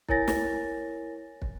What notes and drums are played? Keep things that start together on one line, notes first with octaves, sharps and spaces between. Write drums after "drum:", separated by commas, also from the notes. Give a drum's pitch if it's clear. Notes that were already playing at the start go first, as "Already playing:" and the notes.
E4 A#4 C#5 G#5 A6 A#6, drum: kick
drum: snare
drum: kick